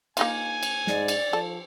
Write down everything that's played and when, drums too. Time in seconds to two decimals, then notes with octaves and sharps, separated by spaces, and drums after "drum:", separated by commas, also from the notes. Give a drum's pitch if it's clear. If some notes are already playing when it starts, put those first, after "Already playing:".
0.17 A#3 D#4 F4 G#5, drum: cymbal
0.63 drum: cymbal
0.87 G#2 D5, drum: snare
1.08 drum: cymbal
1.33 F3 A4